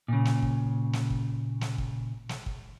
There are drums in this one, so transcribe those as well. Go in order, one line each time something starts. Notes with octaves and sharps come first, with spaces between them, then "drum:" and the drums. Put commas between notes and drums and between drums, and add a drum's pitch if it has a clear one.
A#2 C#3
drum: snare
drum: kick
drum: snare
drum: kick
drum: snare
drum: kick
drum: snare
drum: kick